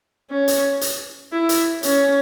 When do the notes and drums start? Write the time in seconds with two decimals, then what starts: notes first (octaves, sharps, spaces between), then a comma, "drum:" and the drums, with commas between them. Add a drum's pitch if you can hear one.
0.30 C#4
0.48 drum: hi-hat
0.81 drum: hi-hat
1.32 E4
1.49 drum: hi-hat
1.83 C#4, drum: hi-hat